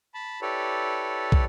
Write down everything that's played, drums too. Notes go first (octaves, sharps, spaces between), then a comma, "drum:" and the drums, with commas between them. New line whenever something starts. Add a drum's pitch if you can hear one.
A5 B5
E4 G4 A4 B4 C#5 D5
drum: kick